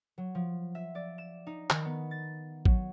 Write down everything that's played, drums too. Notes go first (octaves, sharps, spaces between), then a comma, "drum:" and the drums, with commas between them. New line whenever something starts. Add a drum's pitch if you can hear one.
F#3
F3
E5
D5
E7
D#4
D#3, drum: clap
B3
A6
F#3, drum: kick